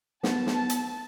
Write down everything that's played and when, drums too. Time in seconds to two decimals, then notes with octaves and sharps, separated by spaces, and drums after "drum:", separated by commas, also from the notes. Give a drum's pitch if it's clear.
0.23 B3 A5, drum: snare
0.46 drum: snare
0.70 drum: hi-hat